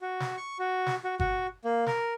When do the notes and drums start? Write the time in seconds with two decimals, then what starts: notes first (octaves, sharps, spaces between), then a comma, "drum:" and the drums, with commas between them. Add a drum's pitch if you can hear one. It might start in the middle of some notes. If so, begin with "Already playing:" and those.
0.01 F#4
0.20 drum: snare
0.37 C#6
0.59 F#4
0.86 drum: snare
1.04 F#4
1.20 F#4, drum: kick G1
1.65 A#3
1.86 A#4, drum: snare